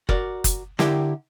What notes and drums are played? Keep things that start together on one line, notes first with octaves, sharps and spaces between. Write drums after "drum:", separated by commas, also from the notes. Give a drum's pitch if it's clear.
F#4 A#4 D5, drum: kick F#1
drum: kick F#1, hi-hat
D3 E4 G4 A#4 G5, drum: snare